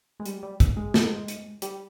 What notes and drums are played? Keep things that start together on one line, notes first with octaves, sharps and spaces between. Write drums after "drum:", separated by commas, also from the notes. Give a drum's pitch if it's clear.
G#3
G3, drum: hi-hat
G3
drum: kick, hi-hat
G#3
drum: snare
drum: hi-hat
G3, drum: hi-hat